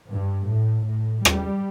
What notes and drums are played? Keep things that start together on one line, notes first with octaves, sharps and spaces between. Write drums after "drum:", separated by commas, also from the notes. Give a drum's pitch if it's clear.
G2
A2
A2
G3, drum: rim click